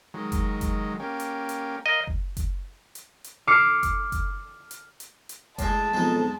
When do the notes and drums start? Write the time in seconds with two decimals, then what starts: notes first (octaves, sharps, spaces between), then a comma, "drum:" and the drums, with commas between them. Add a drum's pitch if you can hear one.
0.14 D#3 F#3 G#3
0.32 drum: kick F#1, hi-hat
0.61 drum: kick F#1, hi-hat
1.00 A#3 C#4 G4
1.20 drum: hi-hat
1.49 drum: hi-hat
1.86 A#4 D#5 F5 D#6
2.07 drum: kick F#1
2.37 drum: kick F#1, hi-hat
2.95 drum: hi-hat
3.24 drum: hi-hat
3.47 D6 E6 F6 C7 C#7
3.83 drum: kick F#1, hi-hat
4.12 drum: kick F#1, hi-hat
4.71 drum: hi-hat
5.00 drum: hi-hat
5.29 drum: hi-hat
5.58 A2 G#3 A5, drum: kick F#1, hi-hat
5.94 B1 F2 G#3 D#4